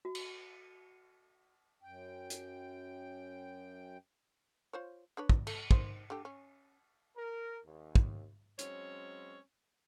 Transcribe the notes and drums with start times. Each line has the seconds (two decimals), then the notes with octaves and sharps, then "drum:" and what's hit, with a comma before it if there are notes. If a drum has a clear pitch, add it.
0.05 F#4
0.15 drum: cymbal
1.83 F#2 G5
2.30 drum: hi-hat
4.73 F4 C5 C#5
5.17 D4 B4 C#5
5.29 drum: kick
5.47 A3, drum: cymbal
5.71 D#3 C5, drum: kick
6.10 D3 A3 G4
6.25 C#4
7.16 A#4
7.65 D#2
7.95 drum: kick
8.59 F#3 G#3 C4 C#4 C#5, drum: hi-hat